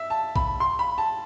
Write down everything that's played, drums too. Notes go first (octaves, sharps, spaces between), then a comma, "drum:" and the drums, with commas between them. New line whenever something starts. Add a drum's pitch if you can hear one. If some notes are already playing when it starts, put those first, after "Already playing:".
Already playing: E5
A5
B5, drum: kick A#1
C6
B5
A5